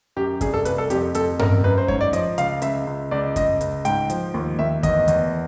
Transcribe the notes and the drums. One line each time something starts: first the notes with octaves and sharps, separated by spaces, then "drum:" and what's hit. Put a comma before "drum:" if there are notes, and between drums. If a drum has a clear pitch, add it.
F#2 G4
C2 G#4, drum: kick F#2, hi-hat
A4
C2 B4, drum: hi-hat
A4
F2 G4, drum: hi-hat
F2 A4, drum: hi-hat
F#2 A#4, drum: tom G2
F#2 B4
C5
G#2 C#5, drum: kick F#2
D5
F3 D#5, drum: hi-hat
C#2 F5, drum: hi-hat
C#2 E5, drum: hi-hat
C#2
C#2 D5
C#2 D#5, drum: kick F#2, hi-hat
C#2, drum: hi-hat
G#2 G5, drum: hi-hat
F3, drum: hi-hat
D#2
D#2 E5
E2 D#5, drum: kick F#2, hi-hat
E2, drum: hi-hat